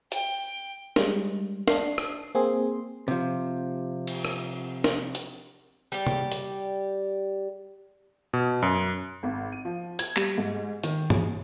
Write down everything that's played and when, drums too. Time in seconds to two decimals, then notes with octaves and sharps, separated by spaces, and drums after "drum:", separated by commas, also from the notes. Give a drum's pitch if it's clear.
0.12 G5, drum: hi-hat
0.96 G3 G#3, drum: snare
1.68 D4 C7, drum: snare
1.98 drum: rim click
2.35 A#3 C4 G#4 C6
3.08 C3 F3
4.07 drum: cymbal
4.25 drum: rim click
4.84 drum: snare
5.15 drum: hi-hat
5.92 G3 G4
6.07 drum: tom C3
6.32 drum: hi-hat
8.33 B2
8.62 F#2
9.23 G#1
9.52 D#7
9.65 F3
9.99 G#6, drum: hi-hat
10.16 G3, drum: clap
10.38 G#2
10.84 D#3, drum: hi-hat
11.10 G#4, drum: tom G2